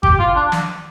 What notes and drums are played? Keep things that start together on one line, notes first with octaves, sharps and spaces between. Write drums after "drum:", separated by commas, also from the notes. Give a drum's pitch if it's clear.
G4, drum: kick G#1
F4
D4
drum: snare